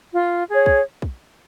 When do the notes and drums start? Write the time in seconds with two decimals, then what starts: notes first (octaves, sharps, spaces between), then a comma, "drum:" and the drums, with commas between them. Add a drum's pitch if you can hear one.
0.13 F4
0.50 G#4 C#5
0.66 drum: kick
1.02 drum: kick